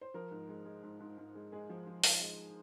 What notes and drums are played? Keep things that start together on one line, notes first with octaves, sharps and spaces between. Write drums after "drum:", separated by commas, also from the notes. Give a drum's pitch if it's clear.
C5
F3 A#4
G#2
G#3
G#3
G#2
G#2
G#2
G#3
G#3 G#4
F3
F3
F3, drum: open hi-hat
G#3